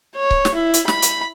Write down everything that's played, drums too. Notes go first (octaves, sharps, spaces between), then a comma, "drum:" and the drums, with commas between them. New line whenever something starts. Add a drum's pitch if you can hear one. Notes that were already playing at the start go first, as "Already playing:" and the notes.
C#5
drum: kick C#1
drum: snare
E4
drum: hi-hat
B5, drum: snare
drum: hi-hat